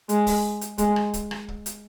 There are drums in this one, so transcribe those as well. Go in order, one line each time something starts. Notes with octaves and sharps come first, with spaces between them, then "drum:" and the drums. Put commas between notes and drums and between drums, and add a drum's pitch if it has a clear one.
G#3, drum: hi-hat
drum: kick, open hi-hat
drum: hi-hat
G#3, drum: kick, hi-hat
drum: rim click
drum: kick, hi-hat
drum: rim click
drum: kick
drum: hi-hat